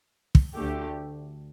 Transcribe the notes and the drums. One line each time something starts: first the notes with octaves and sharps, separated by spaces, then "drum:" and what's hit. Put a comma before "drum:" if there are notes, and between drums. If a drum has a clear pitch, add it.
drum: kick
D2 D3 A3 G4